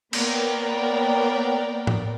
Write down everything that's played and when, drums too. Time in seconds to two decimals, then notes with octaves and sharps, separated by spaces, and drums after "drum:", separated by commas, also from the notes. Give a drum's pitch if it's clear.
0.13 A#3 B3 A#4 C#5 D5 G5, drum: cymbal
1.87 drum: tom A2